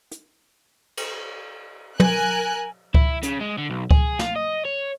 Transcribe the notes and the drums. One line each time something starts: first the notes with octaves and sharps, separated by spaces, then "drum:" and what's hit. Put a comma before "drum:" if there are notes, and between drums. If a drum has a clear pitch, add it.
drum: hi-hat
drum: cymbal
A#4 G#5 F#6, drum: tom
E4, drum: kick C#2
C#3, drum: hi-hat
G#3
D3
B1
G#4, drum: kick C#2
F4, drum: snare
D#5
C#5